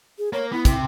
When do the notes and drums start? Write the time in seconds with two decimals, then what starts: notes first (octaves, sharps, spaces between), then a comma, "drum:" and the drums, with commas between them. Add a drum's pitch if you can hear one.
0.19 G#4
0.33 A#3 C#5
0.52 B3 E4
0.65 C3, drum: kick, hi-hat